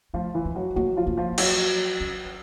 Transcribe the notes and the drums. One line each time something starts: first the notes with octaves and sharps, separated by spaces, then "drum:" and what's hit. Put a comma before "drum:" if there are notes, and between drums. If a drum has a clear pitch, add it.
F3 A3 F4
E3 E4
G#3
F#3 F#4
F#3 A#3 F#4
F3 F4
A#3
F3 F4
F#3 F#4, drum: cymbal
C#4